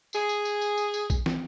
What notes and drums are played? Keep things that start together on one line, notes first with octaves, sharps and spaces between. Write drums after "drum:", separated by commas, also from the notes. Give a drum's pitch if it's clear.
G#4, drum: tambourine
drum: tambourine
drum: tambourine
drum: tambourine
drum: tambourine
drum: tambourine
drum: kick, tambourine
drum: snare